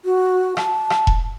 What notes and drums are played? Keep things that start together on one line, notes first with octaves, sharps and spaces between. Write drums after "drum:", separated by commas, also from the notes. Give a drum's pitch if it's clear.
F#4
A5, drum: rim click
drum: rim click
drum: kick E1